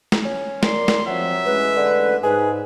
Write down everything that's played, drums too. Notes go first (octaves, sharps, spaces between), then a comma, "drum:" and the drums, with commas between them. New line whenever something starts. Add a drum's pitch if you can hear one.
drum: snare
C#4
A#4 D5 C6, drum: snare
drum: snare
F3 F#3 C4 E5
A1 G#3 B4
D3
G#2 G#4 B4